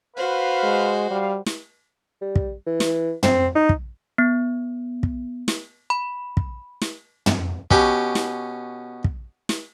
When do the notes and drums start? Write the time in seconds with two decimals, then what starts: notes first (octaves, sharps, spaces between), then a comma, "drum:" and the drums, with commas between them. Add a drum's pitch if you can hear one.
0.17 F#4 B4 C5 F5
0.63 G#3
1.10 G3 F5
1.46 drum: snare
2.22 G3
2.36 drum: kick
2.67 E3
2.80 drum: snare
3.23 C4, drum: tom
3.55 D#4
3.69 drum: kick
4.18 B3
5.03 drum: kick
5.48 drum: snare
5.90 B5
6.37 drum: kick
6.81 drum: snare
7.26 drum: tom
7.71 B2 C#4 G4, drum: kick
8.15 drum: snare
9.04 drum: kick
9.49 drum: snare